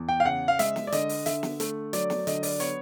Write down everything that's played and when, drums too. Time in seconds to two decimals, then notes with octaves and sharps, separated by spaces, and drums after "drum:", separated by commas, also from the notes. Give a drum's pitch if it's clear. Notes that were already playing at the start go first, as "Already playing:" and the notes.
Already playing: E2
0.09 G5
0.20 F5
0.25 C#3 F#5
0.48 F5
0.59 G#3 E5, drum: hi-hat
0.76 drum: snare
0.87 D5
0.92 D3 D#5, drum: hi-hat
1.09 drum: open hi-hat
1.26 D3 E5, drum: hi-hat
1.43 drum: snare
1.60 A3, drum: hi-hat
1.93 F#3 D5, drum: hi-hat
2.10 drum: snare
2.27 D3 D#5, drum: hi-hat
2.43 D5, drum: open hi-hat
2.60 B3 C#5, drum: hi-hat